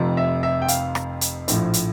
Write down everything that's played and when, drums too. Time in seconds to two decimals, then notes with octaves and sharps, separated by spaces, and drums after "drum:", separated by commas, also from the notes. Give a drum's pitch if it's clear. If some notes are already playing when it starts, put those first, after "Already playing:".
Already playing: F1 F2 C3 F3
0.17 E5
0.43 E5
0.62 G5
0.68 F5, drum: hi-hat
0.95 drum: rim click
1.21 drum: hi-hat
1.48 A#1 A2 F3, drum: hi-hat
1.74 drum: hi-hat